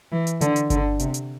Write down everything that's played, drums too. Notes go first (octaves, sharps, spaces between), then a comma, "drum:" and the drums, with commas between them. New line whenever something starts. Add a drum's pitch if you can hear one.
E3
drum: hi-hat
D3, drum: hi-hat
drum: hi-hat
D3, drum: kick G1, hi-hat
C3, drum: hi-hat
drum: hi-hat